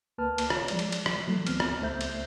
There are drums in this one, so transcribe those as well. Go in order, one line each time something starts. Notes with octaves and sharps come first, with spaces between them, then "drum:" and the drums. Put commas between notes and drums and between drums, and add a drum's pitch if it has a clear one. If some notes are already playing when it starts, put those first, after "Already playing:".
D2 A#3 B4 A5 F6
drum: cymbal
F4 C#5, drum: rim click
F3 G#3 D5, drum: cymbal
drum: cymbal
drum: cymbal
drum: rim click
E3 F#3 A3
D2 B3 C4 F6, drum: cymbal
drum: rim click
C#2 A3 C5 E5 G6
drum: cymbal